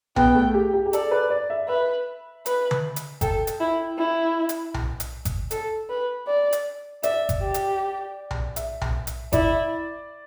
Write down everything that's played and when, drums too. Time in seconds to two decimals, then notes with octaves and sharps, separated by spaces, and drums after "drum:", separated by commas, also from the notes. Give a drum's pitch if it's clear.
0.16 B3 G5, drum: tom B1
0.35 A3
0.54 G4
0.74 G4
0.86 G4
0.93 A4 D5, drum: hi-hat
1.11 B4
1.30 D5
1.50 E5
1.68 B4 E5
2.46 B4, drum: hi-hat
2.71 drum: tom D3
2.96 drum: hi-hat
3.21 A4 G5, drum: kick G1, hi-hat
3.47 drum: hi-hat
3.60 E4
3.98 E4
4.49 drum: hi-hat
4.74 drum: tom B1
5.00 drum: hi-hat
5.25 drum: kick G1, hi-hat
5.51 A4, drum: hi-hat
5.89 B4
6.27 D5
6.52 drum: hi-hat
7.03 D5 E5, drum: hi-hat
7.29 drum: kick G1, hi-hat
7.42 G4
7.54 drum: hi-hat
8.31 drum: tom B1
8.56 E5, drum: hi-hat
8.81 drum: tom B1
9.07 drum: hi-hat
9.33 E4 D5, drum: kick G1, hi-hat